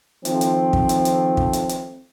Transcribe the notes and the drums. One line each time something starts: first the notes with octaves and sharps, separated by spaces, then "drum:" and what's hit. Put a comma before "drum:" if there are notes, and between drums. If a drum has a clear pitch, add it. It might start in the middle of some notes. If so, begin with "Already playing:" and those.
D#3 F3 A3 C4, drum: hi-hat
drum: hi-hat
drum: kick
drum: hi-hat
drum: hi-hat
drum: kick
drum: hi-hat
drum: hi-hat